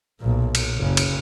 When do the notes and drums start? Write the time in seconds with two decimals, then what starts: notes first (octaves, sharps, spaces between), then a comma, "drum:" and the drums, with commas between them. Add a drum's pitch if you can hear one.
0.20 B1 A#2
0.55 drum: cymbal
0.76 F#1 C#3
0.97 drum: cymbal